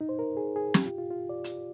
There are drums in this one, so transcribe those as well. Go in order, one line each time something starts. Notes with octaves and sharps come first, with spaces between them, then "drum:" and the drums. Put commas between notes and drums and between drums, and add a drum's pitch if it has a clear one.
D#4
C5
A#4
G#4
G#4
G4, drum: snare
F4
F4
F4
D5
drum: hi-hat